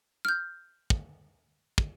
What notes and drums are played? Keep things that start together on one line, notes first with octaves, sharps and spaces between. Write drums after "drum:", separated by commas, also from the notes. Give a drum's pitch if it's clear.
F6 G6
drum: kick
drum: kick